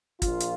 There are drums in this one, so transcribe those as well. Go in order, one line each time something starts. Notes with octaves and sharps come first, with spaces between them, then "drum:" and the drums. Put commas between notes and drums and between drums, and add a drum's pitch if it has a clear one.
A#1 A#2 F4, drum: kick, hi-hat
drum: hi-hat